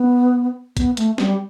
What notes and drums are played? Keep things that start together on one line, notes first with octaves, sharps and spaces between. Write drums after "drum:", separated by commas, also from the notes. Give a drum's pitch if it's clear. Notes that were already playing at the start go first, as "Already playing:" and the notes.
Already playing: B3
B3, drum: kick, hi-hat
A3, drum: hi-hat
G3, drum: snare